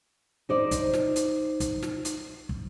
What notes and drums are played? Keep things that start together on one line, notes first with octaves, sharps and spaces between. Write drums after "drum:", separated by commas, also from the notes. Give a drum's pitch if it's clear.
D#4 C5 D5
drum: kick, hi-hat
drum: snare
drum: hi-hat
drum: kick, hi-hat
drum: snare
drum: hi-hat
drum: kick